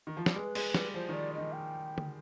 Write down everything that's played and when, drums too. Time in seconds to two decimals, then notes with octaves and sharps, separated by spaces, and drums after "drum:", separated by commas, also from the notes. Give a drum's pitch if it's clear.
0.07 D#3
0.17 F3
0.26 G3, drum: snare
0.35 G#3 B4
0.55 G#3, drum: cymbal
0.74 G3, drum: snare
0.94 F3 C5
1.09 D#3 D5
1.34 D#3 D#5
1.53 G5
1.98 drum: tom D3